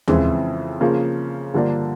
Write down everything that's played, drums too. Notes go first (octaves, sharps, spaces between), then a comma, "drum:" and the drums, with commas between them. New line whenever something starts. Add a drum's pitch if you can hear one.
F2 C#3 E3 G#3 C4, drum: tom D#2
C#3 F3 A#3
G2 D3 F3 A#3 D4